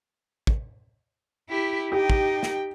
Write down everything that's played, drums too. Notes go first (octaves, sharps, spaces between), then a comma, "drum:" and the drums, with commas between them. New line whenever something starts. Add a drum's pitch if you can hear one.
drum: kick
E4 G4
D#4 G4 G5
drum: kick
drum: snare